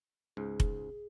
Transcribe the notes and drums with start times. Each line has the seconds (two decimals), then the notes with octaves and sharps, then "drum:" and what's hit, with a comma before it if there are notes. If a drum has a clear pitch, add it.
0.37 C#2 G#2 G#4
0.60 drum: kick F1